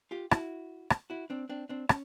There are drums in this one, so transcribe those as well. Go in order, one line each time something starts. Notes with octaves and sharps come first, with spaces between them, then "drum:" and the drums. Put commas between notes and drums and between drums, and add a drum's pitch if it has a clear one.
F4 G4
E4 F#4, drum: rim click
drum: rim click
E4 F#4
C4 D4
C4 D4
C4 D4
C#4, drum: rim click